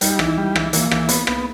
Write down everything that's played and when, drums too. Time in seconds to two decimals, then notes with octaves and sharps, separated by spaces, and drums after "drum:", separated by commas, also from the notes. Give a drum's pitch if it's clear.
0.01 G3 D#4, drum: hi-hat
0.19 E3, drum: rim click
0.25 E4
0.38 G3
0.56 E3, drum: rim click
0.73 E3 A#3, drum: hi-hat
0.91 E3, drum: rim click
1.09 B3, drum: hi-hat
1.27 B3, drum: rim click